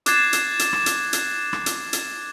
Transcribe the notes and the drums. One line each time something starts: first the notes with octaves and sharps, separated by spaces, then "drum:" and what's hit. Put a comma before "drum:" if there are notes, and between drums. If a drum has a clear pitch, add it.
D6 F#6 G#6 A6 C7 E7, drum: hi-hat
drum: hi-hat
drum: hi-hat
drum: rim click
drum: hi-hat
drum: hi-hat
drum: rim click
drum: hi-hat
drum: hi-hat